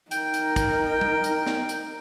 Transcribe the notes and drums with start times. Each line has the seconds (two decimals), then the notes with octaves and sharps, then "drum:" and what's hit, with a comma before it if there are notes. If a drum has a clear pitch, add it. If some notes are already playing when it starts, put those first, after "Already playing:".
0.11 D#4 A#4 G5, drum: hi-hat
0.34 drum: hi-hat
0.56 drum: kick, hi-hat
1.01 drum: tom G3
1.24 drum: hi-hat
1.46 drum: snare
1.69 drum: hi-hat